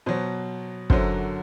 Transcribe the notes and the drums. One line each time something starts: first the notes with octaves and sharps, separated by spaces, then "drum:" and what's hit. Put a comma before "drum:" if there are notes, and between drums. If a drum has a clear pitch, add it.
B2 F#3 C5
F#2 D3 F#3 C5, drum: kick